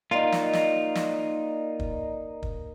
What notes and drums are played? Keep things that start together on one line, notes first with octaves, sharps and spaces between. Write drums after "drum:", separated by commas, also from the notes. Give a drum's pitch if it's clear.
A#3 D#4 F4 D5 D#5
drum: snare
drum: snare
drum: snare
drum: kick
drum: kick